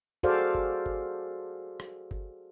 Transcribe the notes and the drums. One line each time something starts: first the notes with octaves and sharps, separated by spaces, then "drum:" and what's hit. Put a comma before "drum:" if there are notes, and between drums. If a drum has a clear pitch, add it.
F#4 G#4 A4 C5 D5 F5
drum: kick G1
drum: kick G1
drum: rim click
drum: kick G1